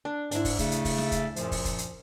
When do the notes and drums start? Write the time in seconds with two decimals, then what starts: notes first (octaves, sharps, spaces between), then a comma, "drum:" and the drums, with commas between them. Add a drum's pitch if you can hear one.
0.05 D4
0.31 G#2 D4 E4, drum: hi-hat
0.45 drum: kick, open hi-hat
0.59 C#3 A3, drum: kick, hi-hat
0.71 drum: hi-hat
0.85 drum: kick, open hi-hat
0.98 drum: snare
1.12 drum: kick, hi-hat
1.36 F#2 A#2 F3, drum: hi-hat
1.52 drum: kick, open hi-hat
1.65 drum: kick, hi-hat
1.78 drum: hi-hat